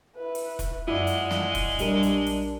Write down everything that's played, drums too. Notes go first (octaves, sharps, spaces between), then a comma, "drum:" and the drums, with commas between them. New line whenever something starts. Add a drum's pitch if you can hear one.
E4 B4
drum: open hi-hat
drum: kick E1, hi-hat
F#2 G#3 E4 F4 D5 F#5
drum: hi-hat
drum: snare
drum: kick E1, open hi-hat
A#1 G3 D4 A#4, drum: hi-hat
drum: hi-hat
drum: open hi-hat